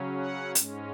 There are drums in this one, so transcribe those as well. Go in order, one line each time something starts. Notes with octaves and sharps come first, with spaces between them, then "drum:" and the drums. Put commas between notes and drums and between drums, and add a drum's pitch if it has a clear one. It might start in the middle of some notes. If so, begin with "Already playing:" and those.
Already playing: C#3 F#3 C#4
F#5
G#2 G#3 C#4, drum: hi-hat